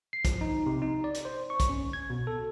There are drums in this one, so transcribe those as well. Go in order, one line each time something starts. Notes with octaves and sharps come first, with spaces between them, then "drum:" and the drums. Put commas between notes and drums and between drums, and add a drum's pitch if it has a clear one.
C7
F3, drum: kick, hi-hat
D#4
C3
D#4
D5
drum: hi-hat
C5
C#6
drum: kick, hi-hat
C#4
G#6
B2
A4